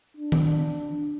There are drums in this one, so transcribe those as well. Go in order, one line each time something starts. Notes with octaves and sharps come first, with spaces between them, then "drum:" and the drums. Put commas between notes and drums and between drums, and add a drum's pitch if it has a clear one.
D4
drum: tom D#3